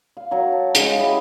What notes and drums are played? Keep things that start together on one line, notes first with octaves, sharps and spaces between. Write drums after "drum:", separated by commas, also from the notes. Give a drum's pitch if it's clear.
F5
F#3 A#4 C#5
A5
C#3 G#3 F5, drum: hi-hat
E4 G4 D#5 E5